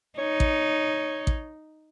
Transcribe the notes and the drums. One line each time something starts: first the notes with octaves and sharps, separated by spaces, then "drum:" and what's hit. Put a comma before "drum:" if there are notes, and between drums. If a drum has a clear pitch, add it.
D#4 C#5
drum: kick A1
drum: kick A1